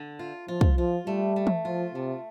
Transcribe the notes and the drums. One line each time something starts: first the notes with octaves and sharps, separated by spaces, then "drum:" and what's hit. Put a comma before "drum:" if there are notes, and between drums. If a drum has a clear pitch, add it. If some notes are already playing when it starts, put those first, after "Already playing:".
Already playing: D3
F4
F3 F4
drum: kick
F3 F4
G3 A3
A3
drum: tom E3
F3 F4
C3 A3